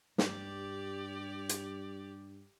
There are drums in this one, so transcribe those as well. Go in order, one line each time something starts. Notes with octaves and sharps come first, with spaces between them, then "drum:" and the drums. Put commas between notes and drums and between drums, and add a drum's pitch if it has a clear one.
G2 G4 D5, drum: snare
drum: hi-hat